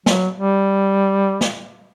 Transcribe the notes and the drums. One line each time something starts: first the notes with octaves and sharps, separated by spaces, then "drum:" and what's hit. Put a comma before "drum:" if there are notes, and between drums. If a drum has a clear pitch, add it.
F#3, drum: snare
G3
drum: snare